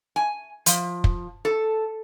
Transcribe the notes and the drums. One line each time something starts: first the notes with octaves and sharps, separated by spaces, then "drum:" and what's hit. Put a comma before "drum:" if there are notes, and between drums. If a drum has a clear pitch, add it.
G#5
F3, drum: hi-hat
drum: kick
A4